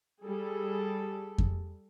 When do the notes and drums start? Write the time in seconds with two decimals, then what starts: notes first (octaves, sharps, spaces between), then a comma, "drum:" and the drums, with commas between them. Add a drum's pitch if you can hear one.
0.24 G3 G#4 A4
1.38 drum: kick F2